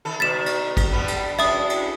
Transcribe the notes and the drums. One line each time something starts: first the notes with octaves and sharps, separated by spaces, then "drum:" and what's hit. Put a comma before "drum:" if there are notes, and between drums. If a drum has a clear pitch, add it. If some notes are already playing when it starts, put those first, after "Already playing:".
D#3 A4
B2 D#3 D5 A6 B6 E7
drum: cymbal
drum: kick, cymbal
D3 G3 B3
drum: cymbal
F#2 G#3 D4 E5 D#6, drum: cymbal
drum: cymbal